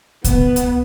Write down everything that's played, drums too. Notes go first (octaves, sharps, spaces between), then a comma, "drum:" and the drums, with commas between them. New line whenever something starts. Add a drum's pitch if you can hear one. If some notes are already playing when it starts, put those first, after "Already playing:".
B3, drum: kick C#2, hi-hat
drum: hi-hat